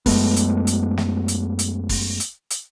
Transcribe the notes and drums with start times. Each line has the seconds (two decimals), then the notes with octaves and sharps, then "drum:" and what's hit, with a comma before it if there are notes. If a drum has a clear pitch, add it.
0.06 F#2 G#3 A3 B3, drum: kick, open hi-hat
0.36 drum: hi-hat
0.67 drum: hi-hat
0.98 drum: snare
1.28 drum: hi-hat
1.59 drum: hi-hat
1.89 drum: kick, open hi-hat
2.20 drum: hi-hat
2.50 drum: hi-hat